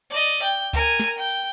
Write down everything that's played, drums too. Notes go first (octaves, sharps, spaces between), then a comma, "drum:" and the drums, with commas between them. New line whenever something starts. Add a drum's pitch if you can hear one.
D5 D#5
G5
A#4 G#5, drum: kick C#2, tambourine
drum: snare
G5
drum: tambourine